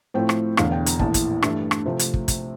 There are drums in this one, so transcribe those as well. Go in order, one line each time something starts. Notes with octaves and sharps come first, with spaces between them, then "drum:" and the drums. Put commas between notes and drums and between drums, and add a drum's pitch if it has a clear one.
A2 F3 A3 C4 G5
drum: rim click
E1 E2 D3 F5, drum: rim click
G5
A#5, drum: hi-hat
A#1 A2 E3 A5, drum: kick
drum: kick, hi-hat
G2 E3 A3 E4, drum: rim click
drum: rim click
C3 F3 A3 C4
drum: hi-hat
drum: kick
drum: kick, hi-hat